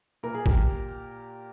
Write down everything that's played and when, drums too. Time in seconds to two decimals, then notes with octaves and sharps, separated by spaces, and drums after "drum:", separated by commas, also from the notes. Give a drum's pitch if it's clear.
0.23 A#2 A#4
0.35 G#4
0.46 G4 A#4, drum: kick